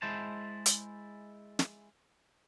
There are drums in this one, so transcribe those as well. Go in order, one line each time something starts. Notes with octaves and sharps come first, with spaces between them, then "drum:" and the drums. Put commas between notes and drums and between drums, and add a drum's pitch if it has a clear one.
G#3 E4 C5 A5
drum: hi-hat
drum: snare